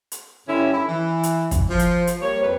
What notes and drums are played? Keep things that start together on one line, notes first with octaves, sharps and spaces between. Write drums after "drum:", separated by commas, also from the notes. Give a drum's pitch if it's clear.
drum: hi-hat
G2 D3 C#4 E4
E4
E3
drum: hi-hat
drum: kick, hi-hat
F3
drum: hi-hat
drum: hi-hat
G3 A#3 C#5
F2 B4